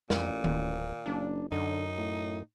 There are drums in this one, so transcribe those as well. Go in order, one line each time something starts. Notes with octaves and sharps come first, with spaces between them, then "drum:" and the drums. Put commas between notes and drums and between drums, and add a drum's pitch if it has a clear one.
A1 F2 A#2, drum: snare
D1, drum: tom D#3
F#1 D4
F#2 D3 D#4
A2